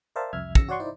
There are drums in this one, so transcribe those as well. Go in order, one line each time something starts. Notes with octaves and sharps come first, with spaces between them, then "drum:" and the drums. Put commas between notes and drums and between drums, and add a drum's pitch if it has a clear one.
A#4 C5 D5 E5 F5 A5
C2 F2 E5 F6 G#6
C#3 E6 A#6 C#7, drum: kick
F#4 C#5 D5 F#5 C6 C#6
D#4 E4 C5 D5